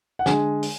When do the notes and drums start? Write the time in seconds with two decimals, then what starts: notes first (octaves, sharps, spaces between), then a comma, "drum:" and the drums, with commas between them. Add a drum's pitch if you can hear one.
0.19 F#5
0.26 D3 G#3 G#5, drum: snare
0.63 drum: open hi-hat